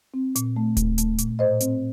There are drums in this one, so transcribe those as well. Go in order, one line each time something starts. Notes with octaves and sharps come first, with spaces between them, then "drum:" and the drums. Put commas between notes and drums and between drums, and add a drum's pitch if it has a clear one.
C4
A#2, drum: hi-hat
A3
A3, drum: kick D1, hi-hat
A3, drum: hi-hat
A#2, drum: hi-hat
A2 C5 D#5
C4, drum: hi-hat